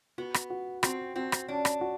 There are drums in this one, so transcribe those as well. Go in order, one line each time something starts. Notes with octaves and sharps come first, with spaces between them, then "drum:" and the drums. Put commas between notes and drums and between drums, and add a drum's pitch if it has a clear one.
B3 F#4
drum: rim click
F#4
C4 F#4, drum: rim click
C4 F#4
drum: rim click
C#4 D4
drum: rim click
F#4